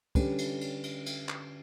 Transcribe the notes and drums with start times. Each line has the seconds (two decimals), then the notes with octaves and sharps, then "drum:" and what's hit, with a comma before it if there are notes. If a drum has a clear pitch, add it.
0.15 D3 G3 C#4 G4 B4, drum: kick, cymbal
0.38 drum: cymbal
0.61 drum: cymbal
0.84 drum: cymbal
1.06 drum: cymbal
1.29 drum: clap